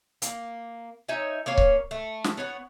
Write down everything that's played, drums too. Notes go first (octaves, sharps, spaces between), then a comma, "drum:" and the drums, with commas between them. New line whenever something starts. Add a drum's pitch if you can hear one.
A#3, drum: hi-hat
D#4 C#5 E5 G#5
A#3 C#4 C#5 F5
drum: kick C#1
A3
drum: snare
B3 C#5 F#5